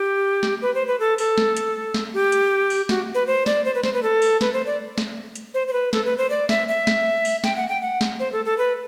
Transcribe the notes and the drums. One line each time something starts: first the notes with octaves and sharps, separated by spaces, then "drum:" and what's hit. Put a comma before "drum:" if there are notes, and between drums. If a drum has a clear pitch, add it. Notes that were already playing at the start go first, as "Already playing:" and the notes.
Already playing: G4
drum: snare
B4
C5
B4
A4
A4, drum: open hi-hat
drum: snare
drum: hi-hat
drum: snare
G4
drum: hi-hat
drum: open hi-hat
F#4, drum: snare
B4
C5
D5, drum: snare
C5
B4
C5, drum: snare
B4
A4
drum: open hi-hat
B4, drum: snare
C5
D5
drum: snare
drum: hi-hat
C5
C5
B4
A4, drum: snare
B4
C5
D5
E5, drum: snare
E5
drum: snare
drum: open hi-hat
G5, drum: snare
F#5
G5
F#5
drum: snare
C5
A4
A4
B4